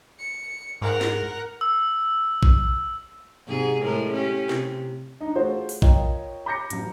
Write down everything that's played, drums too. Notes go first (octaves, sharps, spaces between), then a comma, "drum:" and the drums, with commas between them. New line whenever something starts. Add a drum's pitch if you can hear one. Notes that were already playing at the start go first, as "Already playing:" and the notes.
C#7
G#2 A#4 F#5
drum: snare
E6
drum: kick A#1
G#2 C3 G#4
A2 G#3 A#4
C#4 G4
C3, drum: snare
D4 D#4
A3 F4 F#4 G#4 C5
drum: open hi-hat
F4 A#4 C#5 D#5 G5, drum: kick A#1
B5 D6 G6 A#6 C#7
A1 F#2, drum: hi-hat